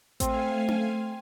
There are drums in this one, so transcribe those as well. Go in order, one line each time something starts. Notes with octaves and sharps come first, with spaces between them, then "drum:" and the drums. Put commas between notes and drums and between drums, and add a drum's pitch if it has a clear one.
A3 C4 F5 G#5, drum: kick A1, hi-hat
drum: tom C#4